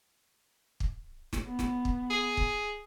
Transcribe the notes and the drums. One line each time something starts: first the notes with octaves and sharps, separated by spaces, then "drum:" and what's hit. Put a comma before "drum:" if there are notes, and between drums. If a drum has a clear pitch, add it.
drum: kick
drum: snare
B3
drum: snare
drum: kick
G#4
drum: kick